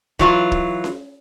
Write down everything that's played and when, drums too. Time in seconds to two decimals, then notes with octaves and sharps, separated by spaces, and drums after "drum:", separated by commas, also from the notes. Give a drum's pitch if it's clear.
0.19 E3 F#3 F4, drum: kick
0.52 drum: kick
0.84 drum: snare C#4